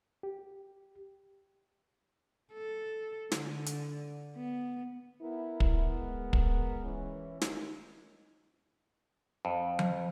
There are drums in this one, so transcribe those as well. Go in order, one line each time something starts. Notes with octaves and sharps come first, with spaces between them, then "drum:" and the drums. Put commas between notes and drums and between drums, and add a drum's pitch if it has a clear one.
G4
A4
D3, drum: snare
drum: hi-hat
B3
B3 E4 A#4
drum: kick
G#3
drum: kick
E3 C#4
D#2 D#4, drum: snare
F2
drum: tom F3